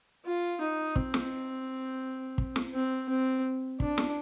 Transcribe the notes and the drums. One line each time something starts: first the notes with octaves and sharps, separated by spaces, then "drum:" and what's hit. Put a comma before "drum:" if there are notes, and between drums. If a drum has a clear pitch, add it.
F4
D#4
C4, drum: kick
drum: snare
drum: kick
drum: snare
C4
C4
D4, drum: kick
drum: snare